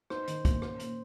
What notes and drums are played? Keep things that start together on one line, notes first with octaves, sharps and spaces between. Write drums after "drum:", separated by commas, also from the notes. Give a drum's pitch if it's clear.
D#4 C5, drum: rim click
D#3, drum: hi-hat
A#3, drum: kick, hi-hat
C#4, drum: rim click
A#2, drum: hi-hat